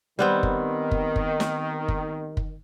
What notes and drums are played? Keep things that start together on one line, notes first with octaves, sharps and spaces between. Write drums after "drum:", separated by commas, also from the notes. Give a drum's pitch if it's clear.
D#3 G3 B3 C4
drum: kick
drum: kick
drum: kick
drum: snare
drum: kick
drum: kick